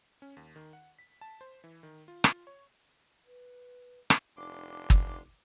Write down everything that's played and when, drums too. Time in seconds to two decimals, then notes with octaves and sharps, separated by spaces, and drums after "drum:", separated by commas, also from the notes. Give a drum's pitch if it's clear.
0.22 C#4
0.37 D#2
0.56 D#3
0.73 F#5
0.99 B6
1.21 A5
1.41 C5
1.64 E3
1.83 D#3
2.08 F4
2.24 drum: rim click
2.47 C#5
3.26 B4
4.10 drum: rim click
4.37 F1 D4 D#4 C6 D6
4.90 drum: kick